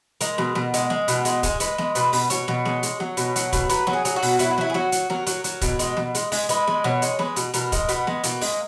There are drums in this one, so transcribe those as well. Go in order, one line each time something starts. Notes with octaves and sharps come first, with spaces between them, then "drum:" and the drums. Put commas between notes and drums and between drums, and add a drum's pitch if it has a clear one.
G#3 A#4, drum: hi-hat
B2, drum: snare
B2, drum: snare
G#3, drum: hi-hat
G#3, drum: snare
B2, drum: hi-hat
G#3, drum: hi-hat
G#3, drum: kick, hi-hat
G#3 B4, drum: hi-hat
G#3, drum: snare
B2 B4, drum: hi-hat
B2, drum: open hi-hat
B2 C#5, drum: hi-hat
B2, drum: snare
G#3, drum: snare
G#3, drum: hi-hat
F#3, drum: snare
B2, drum: hi-hat
F#3, drum: hi-hat
B2, drum: kick, hi-hat
F#3 B4, drum: hi-hat
F#3, drum: snare
G#4
F#3, drum: hi-hat
F#4
B2, drum: open hi-hat
F#3 E4, drum: hi-hat
F#4
F#3 E4, drum: snare
G#4
F#3 F#4, drum: snare
F#3, drum: hi-hat
F#3 A#4, drum: snare
F#3, drum: hi-hat
F#3, drum: hi-hat
B2, drum: kick, hi-hat
G#3, drum: hi-hat
B2, drum: snare
G#3, drum: hi-hat
G#3, drum: open hi-hat
G#3 B4, drum: hi-hat
G#3, drum: snare
B2 C#5, drum: snare
G#3, drum: hi-hat
G#3 B4, drum: snare
B2, drum: hi-hat
B2 A#4, drum: hi-hat
G#3, drum: kick, hi-hat
B2 B3, drum: hi-hat
G#3, drum: snare
B2 A#3, drum: hi-hat
G#3, drum: open hi-hat